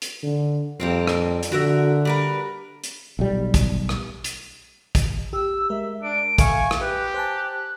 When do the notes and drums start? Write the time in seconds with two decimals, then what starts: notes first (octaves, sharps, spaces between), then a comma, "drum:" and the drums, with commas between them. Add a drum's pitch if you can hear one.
0.02 drum: hi-hat
0.23 D3
0.80 F2 G3 A#3 C4
1.07 drum: rim click
1.43 drum: hi-hat
1.52 D3 F#4 A#4 E5
2.05 G3 A#4 B4
2.84 drum: hi-hat
3.19 B1 G3
3.54 drum: kick, hi-hat
3.89 drum: rim click
4.24 drum: hi-hat
4.95 drum: kick, hi-hat
5.33 G4 E6
5.70 G#3 A#4 E5
6.02 D4 D7
6.38 A4 E5 F5 G#5 C#6, drum: kick, hi-hat
6.71 drum: rim click
6.81 G4 B4 F#6
7.14 C5 G#5 A5 F#6